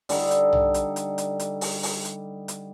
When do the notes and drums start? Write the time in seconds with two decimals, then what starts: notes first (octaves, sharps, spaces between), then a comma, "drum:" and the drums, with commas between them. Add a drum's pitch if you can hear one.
0.09 D3 G3 D#4 A4, drum: open hi-hat
0.31 drum: hi-hat
0.53 drum: tom
0.74 drum: hi-hat
0.96 drum: hi-hat
1.18 drum: hi-hat
1.40 drum: hi-hat
1.61 drum: open hi-hat
1.83 drum: open hi-hat
2.05 drum: hi-hat
2.48 drum: hi-hat